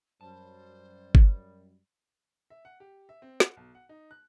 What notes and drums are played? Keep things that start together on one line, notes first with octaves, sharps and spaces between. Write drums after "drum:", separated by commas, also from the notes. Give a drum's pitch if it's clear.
F#2 G3 C5 A5
drum: kick G1
E5
F#5
G4
E5
C4
F#5, drum: snare
B1
F#5
D#4
F#6